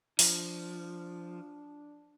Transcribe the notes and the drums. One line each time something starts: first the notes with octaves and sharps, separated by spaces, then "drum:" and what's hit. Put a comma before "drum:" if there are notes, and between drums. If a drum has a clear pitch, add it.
F3 D4, drum: open hi-hat